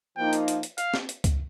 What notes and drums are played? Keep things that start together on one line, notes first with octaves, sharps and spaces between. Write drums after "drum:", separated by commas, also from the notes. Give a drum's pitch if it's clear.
F3 A#3 D#4 G5
drum: hi-hat
drum: hi-hat
drum: hi-hat
F5, drum: hi-hat
drum: snare
drum: hi-hat
drum: kick C#2, hi-hat